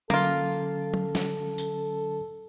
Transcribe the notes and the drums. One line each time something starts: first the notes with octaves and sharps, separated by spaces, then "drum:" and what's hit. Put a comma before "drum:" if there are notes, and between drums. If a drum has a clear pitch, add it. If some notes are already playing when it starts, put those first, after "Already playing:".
D3 F#3 A#3 C#4 F4 A4, drum: tom
drum: tom
drum: snare
drum: tambourine